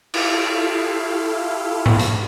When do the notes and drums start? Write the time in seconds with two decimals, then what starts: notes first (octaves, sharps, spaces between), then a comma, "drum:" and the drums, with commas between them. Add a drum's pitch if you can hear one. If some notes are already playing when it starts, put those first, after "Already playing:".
0.14 E4 F4 G4 A4 F5, drum: cymbal
1.86 drum: tom G#2
1.99 drum: hi-hat